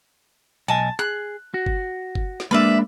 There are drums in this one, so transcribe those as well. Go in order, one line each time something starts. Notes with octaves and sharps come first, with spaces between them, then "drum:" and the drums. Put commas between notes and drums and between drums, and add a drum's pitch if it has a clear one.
B1 D#5 G#5 A5
G#4 F#6
F#4
drum: kick G1
drum: kick G1
drum: snare
G#3 A#3 D4 B4 D5 E5